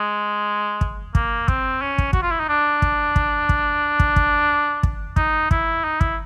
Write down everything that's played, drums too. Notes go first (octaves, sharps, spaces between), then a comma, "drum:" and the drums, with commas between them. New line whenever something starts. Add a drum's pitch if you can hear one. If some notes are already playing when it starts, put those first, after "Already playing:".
Already playing: G#3
drum: kick
A#3, drum: kick
C4, drum: kick
C#4
drum: kick
F#4, drum: kick
F4
E4
D#4
D4
drum: kick
drum: kick
drum: kick
drum: kick
drum: kick
drum: kick
D#4, drum: kick
E4, drum: kick
D#4
E4, drum: kick